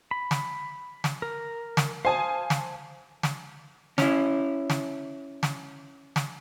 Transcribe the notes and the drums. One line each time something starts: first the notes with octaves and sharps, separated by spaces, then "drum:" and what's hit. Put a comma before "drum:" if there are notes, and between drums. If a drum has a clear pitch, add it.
B5
drum: snare
drum: snare
A#4
drum: snare
C5 F5 G#5 A5 D#6
drum: snare
drum: snare
C#4 E4, drum: snare
drum: snare
drum: snare
drum: snare